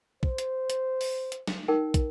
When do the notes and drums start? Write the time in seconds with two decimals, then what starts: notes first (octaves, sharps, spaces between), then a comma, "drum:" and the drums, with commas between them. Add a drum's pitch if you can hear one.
0.23 C5, drum: kick
0.38 drum: hi-hat
0.70 drum: hi-hat
1.01 drum: open hi-hat
1.32 drum: hi-hat
1.47 drum: snare
1.68 D#4 A#4 G5
1.94 drum: kick, hi-hat